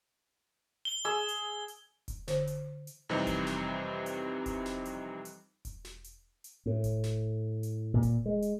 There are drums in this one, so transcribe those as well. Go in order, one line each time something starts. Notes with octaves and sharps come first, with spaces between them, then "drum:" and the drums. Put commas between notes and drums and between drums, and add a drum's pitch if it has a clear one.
G7
G#4 E6
drum: hi-hat
drum: hi-hat
drum: kick E1, hi-hat
D3 C5, drum: snare
drum: hi-hat
drum: hi-hat
F2 C3 E3 G3 C4 D#4
drum: kick E1, hi-hat
drum: snare
drum: hi-hat
drum: kick E1, hi-hat
drum: snare
drum: hi-hat
drum: hi-hat
drum: kick E1, hi-hat
drum: snare
drum: hi-hat
drum: hi-hat
A2
drum: kick E1, hi-hat
drum: snare
drum: hi-hat
A#2
drum: kick E1, hi-hat
G#3
drum: hi-hat